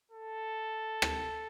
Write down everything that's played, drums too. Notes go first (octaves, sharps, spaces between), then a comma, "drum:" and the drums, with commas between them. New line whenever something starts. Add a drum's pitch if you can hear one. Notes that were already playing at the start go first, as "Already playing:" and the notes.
A4
drum: rim click